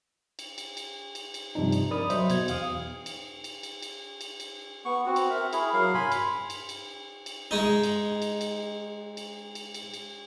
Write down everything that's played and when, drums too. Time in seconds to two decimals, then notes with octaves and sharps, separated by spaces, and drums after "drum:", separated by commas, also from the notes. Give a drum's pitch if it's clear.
0.39 drum: cymbal
0.58 drum: cymbal
0.77 drum: cymbal
1.15 drum: cymbal
1.34 drum: cymbal
1.55 G2 C3 F3 D4 D#4
1.72 drum: cymbal
1.91 A#4 D5 B5 D#6
2.10 F#3 C5 D#5 E5, drum: cymbal
2.30 B2 G#6, drum: cymbal
2.48 E2 F5 D#6, drum: cymbal
3.06 drum: cymbal
3.44 drum: cymbal
3.63 drum: cymbal
3.82 drum: cymbal
4.21 drum: cymbal
4.40 drum: cymbal
4.85 B3 C#6
5.06 C4 F#4
5.16 drum: cymbal
5.30 A#4 E5
5.53 E4 G#4, drum: cymbal
5.73 F#3 A#4 F5
5.94 G#5 B5 C6, drum: tom G2
6.12 drum: cymbal
6.50 drum: cymbal
6.69 drum: cymbal
7.26 drum: cymbal
7.51 G#3 D#4
7.64 drum: tom G2
7.84 drum: cymbal
8.22 drum: cymbal
8.41 drum: cymbal
9.17 drum: cymbal
9.55 drum: cymbal
9.74 drum: cymbal
9.94 drum: cymbal